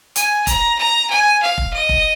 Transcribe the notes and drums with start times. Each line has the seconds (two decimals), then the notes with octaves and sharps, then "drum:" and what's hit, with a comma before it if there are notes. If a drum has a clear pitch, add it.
0.16 G#5, drum: hi-hat
0.47 A#5, drum: kick F1, hi-hat
0.78 A#5
1.10 G#5
1.42 F5
1.58 drum: kick F1
1.73 D#5
1.89 drum: kick F1